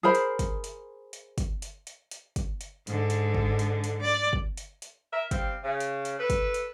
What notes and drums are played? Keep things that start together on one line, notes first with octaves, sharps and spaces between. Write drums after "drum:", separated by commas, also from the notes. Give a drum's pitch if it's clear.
G#4 A#4 C5 B5
drum: hi-hat
drum: kick, hi-hat
drum: hi-hat
drum: hi-hat
drum: kick, hi-hat
drum: hi-hat
drum: hi-hat
drum: hi-hat
drum: kick, hi-hat
drum: hi-hat
G#2 D3, drum: hi-hat
drum: hi-hat
drum: kick
drum: hi-hat
drum: hi-hat
D5
drum: kick
drum: hi-hat
drum: hi-hat
A#4 E5
G3 C4 F5, drum: kick, hi-hat
C#3
drum: hi-hat
drum: hi-hat
A4 B4
drum: kick, hi-hat
drum: hi-hat